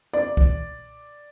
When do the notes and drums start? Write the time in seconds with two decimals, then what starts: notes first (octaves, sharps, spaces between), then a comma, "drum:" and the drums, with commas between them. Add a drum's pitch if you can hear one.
0.13 D5
0.37 drum: kick C2